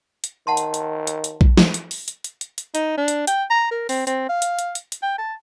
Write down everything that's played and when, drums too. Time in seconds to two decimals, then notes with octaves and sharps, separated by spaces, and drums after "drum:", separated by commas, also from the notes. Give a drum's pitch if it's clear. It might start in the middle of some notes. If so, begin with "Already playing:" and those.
0.24 drum: hi-hat
0.47 D#3 F#5 A5 C6
0.57 drum: hi-hat
0.74 drum: hi-hat
1.07 drum: hi-hat
1.24 drum: hi-hat
1.41 drum: kick A#1
1.58 drum: snare
1.74 drum: hi-hat
1.91 drum: open hi-hat
2.08 drum: hi-hat
2.24 drum: hi-hat
2.41 drum: hi-hat
2.58 drum: hi-hat
2.75 D#4, drum: hi-hat
2.98 D4
3.08 drum: hi-hat
3.27 G5, drum: hi-hat
3.50 A#5
3.71 A#4
3.89 C4, drum: open hi-hat
4.07 C4, drum: hi-hat
4.29 F5
4.42 drum: hi-hat
4.59 drum: hi-hat
4.75 drum: hi-hat
4.92 drum: hi-hat
5.02 G5
5.18 A5